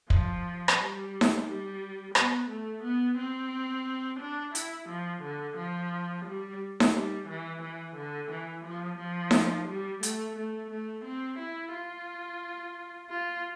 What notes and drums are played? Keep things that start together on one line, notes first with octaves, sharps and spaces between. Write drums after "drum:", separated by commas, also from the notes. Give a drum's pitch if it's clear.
F3, drum: kick
drum: rim click
G3
drum: snare D#4
G3
B3, drum: rim click
A3
B3
C4
D4
E4, drum: hi-hat
F3
D3
F3
G3
drum: snare D#4
G3
E3
E3
D3
E3
F3
F3
drum: snare D#4
G3
A3, drum: hi-hat
A3
A3
C4
E4
F4
F4